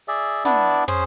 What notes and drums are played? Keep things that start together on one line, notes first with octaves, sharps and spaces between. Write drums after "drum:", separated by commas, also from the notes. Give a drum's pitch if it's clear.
G#4 D5 E5
B3 D4 E4 D5, drum: snare
C#4 G#4 C5, drum: tom